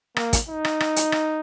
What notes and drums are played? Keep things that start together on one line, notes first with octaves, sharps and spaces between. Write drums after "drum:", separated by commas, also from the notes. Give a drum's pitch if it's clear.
A#3, drum: rim click
drum: kick, hi-hat
D#4
drum: rim click
drum: rim click
drum: hi-hat
drum: rim click